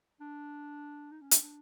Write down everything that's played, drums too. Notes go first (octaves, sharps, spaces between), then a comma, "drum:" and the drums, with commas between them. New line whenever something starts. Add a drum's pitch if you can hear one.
D4
D#4
C#4
D4, drum: hi-hat
D4